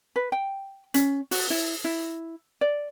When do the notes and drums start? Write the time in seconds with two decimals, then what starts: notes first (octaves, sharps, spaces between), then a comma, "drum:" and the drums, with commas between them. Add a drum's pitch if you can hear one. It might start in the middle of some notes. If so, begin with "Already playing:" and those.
0.16 B4
0.32 G5
0.94 C#4, drum: hi-hat
1.31 F#4, drum: open hi-hat
1.50 E4
1.84 E4
2.61 D5